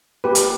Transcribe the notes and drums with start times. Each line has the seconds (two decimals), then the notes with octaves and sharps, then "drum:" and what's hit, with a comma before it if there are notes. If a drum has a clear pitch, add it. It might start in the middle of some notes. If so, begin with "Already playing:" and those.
0.24 A#3 G4 B4
0.35 drum: hi-hat